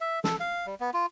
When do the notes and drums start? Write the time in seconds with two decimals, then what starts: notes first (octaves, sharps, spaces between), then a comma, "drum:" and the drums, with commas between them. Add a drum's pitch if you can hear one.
0.01 E5
0.24 A4, drum: snare
0.40 F5
0.67 G3
0.80 B3
0.94 F4